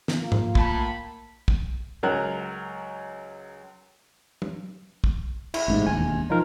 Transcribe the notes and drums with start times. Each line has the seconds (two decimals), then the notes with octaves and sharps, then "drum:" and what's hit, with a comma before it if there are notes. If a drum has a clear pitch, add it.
0.08 drum: snare
0.20 A#3 F4
0.32 drum: tom
0.55 A2 A5 B5, drum: kick
1.48 drum: kick
2.03 C#2 F#3 A#4 F#6
4.42 drum: tom
5.04 drum: kick
5.54 E4, drum: cymbal
5.68 A1 G#2 C3
5.87 E1 D#2 G#5
6.30 F3 D#4 F4 A#4